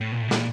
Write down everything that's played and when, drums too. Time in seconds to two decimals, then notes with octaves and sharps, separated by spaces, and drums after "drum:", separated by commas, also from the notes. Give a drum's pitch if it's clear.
0.01 A2
0.12 A#2
0.21 A2
0.28 B2
0.31 A#2, drum: snare